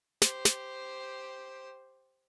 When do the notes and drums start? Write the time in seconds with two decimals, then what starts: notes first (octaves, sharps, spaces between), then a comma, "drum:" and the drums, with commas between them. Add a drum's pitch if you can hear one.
0.22 G4 C5, drum: snare
0.45 drum: snare